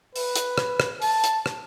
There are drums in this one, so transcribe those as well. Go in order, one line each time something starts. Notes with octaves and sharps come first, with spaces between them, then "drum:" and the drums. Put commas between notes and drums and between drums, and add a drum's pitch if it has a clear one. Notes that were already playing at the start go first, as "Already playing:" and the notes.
B4, drum: open hi-hat
drum: hi-hat
drum: rim click
drum: rim click
A5, drum: open hi-hat
drum: hi-hat
drum: rim click